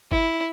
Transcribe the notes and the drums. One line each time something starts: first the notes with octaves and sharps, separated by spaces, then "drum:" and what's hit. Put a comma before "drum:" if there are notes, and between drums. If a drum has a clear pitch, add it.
E4, drum: kick G1